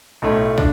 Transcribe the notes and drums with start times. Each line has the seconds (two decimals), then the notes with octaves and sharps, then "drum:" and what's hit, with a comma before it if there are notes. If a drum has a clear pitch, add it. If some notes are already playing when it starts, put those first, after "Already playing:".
0.22 B1 A2 A3
0.58 D4, drum: kick